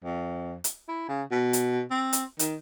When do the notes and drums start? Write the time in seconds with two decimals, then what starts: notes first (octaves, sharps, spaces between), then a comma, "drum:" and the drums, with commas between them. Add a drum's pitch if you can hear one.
0.04 F2
0.64 drum: hi-hat
0.88 E4
1.09 C#3
1.31 B2
1.53 drum: hi-hat
1.91 C4
2.13 drum: hi-hat
2.39 D#3, drum: hi-hat